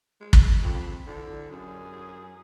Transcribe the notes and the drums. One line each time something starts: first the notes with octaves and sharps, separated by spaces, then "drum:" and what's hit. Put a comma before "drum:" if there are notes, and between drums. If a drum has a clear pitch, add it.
G#3
drum: kick
F2 B5
D3 D4 E4
F#2 G#4